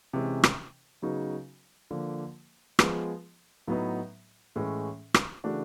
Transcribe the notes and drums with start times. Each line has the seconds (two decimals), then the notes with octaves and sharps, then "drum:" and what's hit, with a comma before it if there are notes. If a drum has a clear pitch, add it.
0.13 C3 E3 G#3 C#4
0.43 drum: rim click
1.02 C#3 F#3 B3 D#4 F#4
1.91 D3 F3 A#3
2.79 F3 G#3 B3, drum: rim click
3.68 A2 F#3 B3 D#4
4.56 A2 E3 G#3 C#4
5.14 drum: rim click
5.44 C#3 E3 A3 D4 F#4